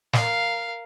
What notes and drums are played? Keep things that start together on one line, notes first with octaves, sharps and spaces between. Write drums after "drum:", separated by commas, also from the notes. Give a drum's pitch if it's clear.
A#4 F5, drum: snare